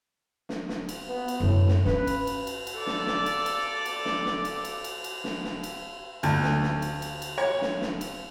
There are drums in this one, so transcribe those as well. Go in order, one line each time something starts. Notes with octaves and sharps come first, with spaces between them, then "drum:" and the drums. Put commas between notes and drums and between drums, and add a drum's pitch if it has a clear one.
drum: snare
drum: snare
drum: cymbal
B3
drum: cymbal
F#2 A2 D3
drum: snare
C#4 B4, drum: snare
drum: cymbal
drum: cymbal
drum: cymbal
drum: cymbal
A4 D5
drum: snare
drum: snare
drum: cymbal
drum: cymbal
drum: cymbal
drum: snare
drum: snare
drum: cymbal
drum: cymbal
drum: cymbal
drum: cymbal
drum: snare
drum: snare
drum: cymbal
D2, drum: cymbal
drum: snare
drum: snare
drum: cymbal
drum: cymbal
drum: cymbal
C#5
drum: snare
drum: snare
drum: cymbal